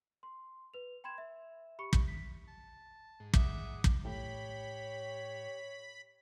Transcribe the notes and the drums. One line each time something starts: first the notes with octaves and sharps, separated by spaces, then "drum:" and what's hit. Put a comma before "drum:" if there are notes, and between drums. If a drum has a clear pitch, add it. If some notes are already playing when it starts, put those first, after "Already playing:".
C6
B4 F7
G5 B5 C6 G#6 E7
E5
G4 B5 C#6 C#7
drum: kick
B6
A5
G#2
E5 F#5 D6 D#6, drum: kick
drum: kick
A2 G4 C#5 B5